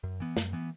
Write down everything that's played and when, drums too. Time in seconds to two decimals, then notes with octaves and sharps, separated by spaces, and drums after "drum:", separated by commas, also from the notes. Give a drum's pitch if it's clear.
0.03 F#2
0.20 E3 B3
0.37 F#2, drum: snare
0.53 E3 B3